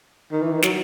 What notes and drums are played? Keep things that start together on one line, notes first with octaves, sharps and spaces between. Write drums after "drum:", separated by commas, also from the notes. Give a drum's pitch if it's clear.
D#3
E3
D#3
F#3, drum: snare